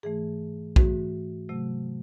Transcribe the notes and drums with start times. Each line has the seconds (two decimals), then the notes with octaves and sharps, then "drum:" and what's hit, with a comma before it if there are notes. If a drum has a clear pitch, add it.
0.03 G#2 E3 A3 G#4
0.76 G#2 E3 A3 F#4, drum: kick A#1
1.49 C3 F#3 A3